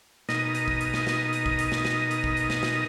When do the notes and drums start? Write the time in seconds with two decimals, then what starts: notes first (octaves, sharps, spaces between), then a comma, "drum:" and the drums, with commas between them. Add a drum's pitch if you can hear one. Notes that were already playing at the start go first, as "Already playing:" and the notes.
0.29 B2 D#4 A#4 D#5, drum: snare
0.55 drum: hi-hat
0.68 drum: kick
0.81 drum: hi-hat
0.94 drum: snare
1.07 drum: snare
1.33 drum: hi-hat
1.46 drum: kick
1.59 drum: hi-hat
1.72 drum: snare
1.85 drum: snare
2.11 drum: hi-hat
2.24 drum: kick
2.37 drum: hi-hat
2.50 drum: snare
2.63 drum: snare